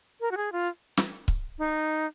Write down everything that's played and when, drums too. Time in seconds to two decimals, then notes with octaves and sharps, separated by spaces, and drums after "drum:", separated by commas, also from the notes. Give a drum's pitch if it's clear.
0.21 A#4
0.31 F#4
0.37 G#4
0.52 F4
0.97 drum: snare
1.28 drum: kick C#1
1.59 D#4